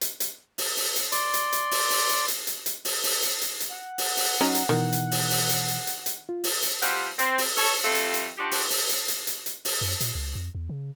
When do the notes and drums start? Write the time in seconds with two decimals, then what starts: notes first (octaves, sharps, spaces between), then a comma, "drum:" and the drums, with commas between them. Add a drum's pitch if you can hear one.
0.01 drum: hi-hat
0.20 drum: hi-hat
0.58 drum: open hi-hat
0.77 drum: open hi-hat
0.96 drum: hi-hat
1.12 D5 C6, drum: hi-hat
1.34 drum: hi-hat
1.52 drum: hi-hat
1.71 drum: open hi-hat
1.90 drum: open hi-hat
2.09 drum: hi-hat
2.28 drum: hi-hat
2.47 drum: hi-hat
2.66 drum: hi-hat
2.85 drum: open hi-hat
3.04 drum: open hi-hat
3.22 drum: hi-hat
3.41 drum: hi-hat
3.60 drum: hi-hat
3.70 F#5
3.98 drum: open hi-hat
4.17 drum: open hi-hat
4.41 F#3 C#4 D#4
4.55 drum: hi-hat
4.69 B2 D#3 E3
4.92 drum: hi-hat
5.11 drum: open hi-hat
5.30 drum: open hi-hat
5.49 drum: hi-hat
5.68 drum: hi-hat
5.87 drum: hi-hat
6.06 drum: hi-hat
6.29 F4
6.44 drum: open hi-hat
6.63 drum: hi-hat
6.82 F3 G3 C4 F4 G4 F#5, drum: hi-hat
7.19 C4, drum: hi-hat
7.38 drum: open hi-hat
7.57 A4 C#5, drum: open hi-hat
7.84 F2 G3 A3 C4 F4 A4
7.95 drum: hi-hat
8.14 drum: hi-hat
8.38 F3 D4 D#4 F#4 G4
8.51 drum: open hi-hat
8.70 drum: open hi-hat
8.89 drum: hi-hat
9.08 drum: hi-hat
9.27 drum: hi-hat
9.46 drum: hi-hat
9.65 drum: open hi-hat
9.81 F#2
10.01 A#2, drum: hi-hat
10.15 C#2
10.35 F2
10.55 E2
10.69 C#3